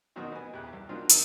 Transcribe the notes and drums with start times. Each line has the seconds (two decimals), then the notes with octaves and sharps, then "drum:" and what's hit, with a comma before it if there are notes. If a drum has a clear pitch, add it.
0.16 B2 D#3 F#3 C4 D#4 F#4
0.32 B3 G#5
0.53 E2 C#3 E4 G4 F#6
0.73 C2
0.89 F#3 A#3 C4 D4 D#4 F4
1.09 D#3 A#5 E6, drum: hi-hat